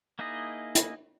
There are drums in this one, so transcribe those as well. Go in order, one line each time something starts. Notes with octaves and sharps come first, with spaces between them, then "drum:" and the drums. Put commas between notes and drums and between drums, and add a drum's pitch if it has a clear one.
A#3 D#4 E4 G#4 D#5
drum: hi-hat